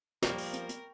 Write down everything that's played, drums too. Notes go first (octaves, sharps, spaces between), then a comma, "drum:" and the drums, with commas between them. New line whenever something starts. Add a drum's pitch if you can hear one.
F3 G3 A#3 A#4 G5 C#6 F7, drum: snare
drum: open hi-hat
drum: hi-hat
drum: hi-hat